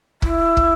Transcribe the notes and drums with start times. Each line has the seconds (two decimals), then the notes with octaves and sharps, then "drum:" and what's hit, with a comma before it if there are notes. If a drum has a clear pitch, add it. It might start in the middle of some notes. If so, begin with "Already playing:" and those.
0.22 E4, drum: kick
0.57 drum: kick